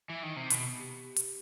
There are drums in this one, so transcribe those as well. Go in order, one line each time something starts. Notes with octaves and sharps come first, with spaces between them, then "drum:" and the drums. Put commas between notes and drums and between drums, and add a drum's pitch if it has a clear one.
E3
D#3
C3
B2 B3, drum: hi-hat
G4
drum: hi-hat